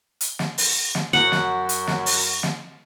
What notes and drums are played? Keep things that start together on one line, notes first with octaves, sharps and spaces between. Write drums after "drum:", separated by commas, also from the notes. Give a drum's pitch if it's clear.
drum: hi-hat
drum: snare
drum: open hi-hat
drum: snare
F#2 F#3 F#4 F#5
drum: snare
drum: hi-hat
drum: snare
drum: open hi-hat
drum: snare